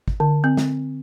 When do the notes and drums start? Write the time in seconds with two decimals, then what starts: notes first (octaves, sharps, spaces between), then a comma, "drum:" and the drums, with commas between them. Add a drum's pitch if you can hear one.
0.08 drum: kick
0.20 D3
0.44 C4
0.57 drum: snare